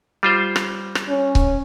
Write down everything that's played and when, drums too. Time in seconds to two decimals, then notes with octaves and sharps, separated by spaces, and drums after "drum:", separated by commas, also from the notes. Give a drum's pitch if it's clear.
0.23 G3 F4 C5
0.56 drum: rim click
0.95 drum: rim click
1.09 C#4
1.35 drum: kick C#1